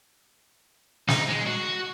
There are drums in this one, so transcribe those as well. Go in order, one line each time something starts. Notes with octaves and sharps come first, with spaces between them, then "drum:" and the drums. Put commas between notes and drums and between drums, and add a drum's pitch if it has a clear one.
D#4, drum: snare
G#3
F#4